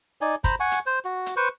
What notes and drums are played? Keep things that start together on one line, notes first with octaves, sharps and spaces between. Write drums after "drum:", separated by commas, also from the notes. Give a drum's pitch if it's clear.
D#4 D5 G#5
C5 A#5 B5, drum: kick, hi-hat
F#5 G#5 C#6
drum: hi-hat
C5
F#4
drum: hi-hat
B4 C5 C#6